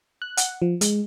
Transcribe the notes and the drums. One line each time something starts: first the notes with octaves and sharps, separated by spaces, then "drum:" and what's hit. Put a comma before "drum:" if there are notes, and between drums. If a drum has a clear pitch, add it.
F#6
F#5, drum: hi-hat
F3
G#3, drum: hi-hat